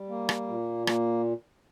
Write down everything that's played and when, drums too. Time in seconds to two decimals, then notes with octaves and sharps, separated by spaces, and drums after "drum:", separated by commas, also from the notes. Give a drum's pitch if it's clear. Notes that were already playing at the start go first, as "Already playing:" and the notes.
Already playing: G3
0.09 A#3
0.29 drum: rim click
0.48 A#2
0.87 A#3, drum: rim click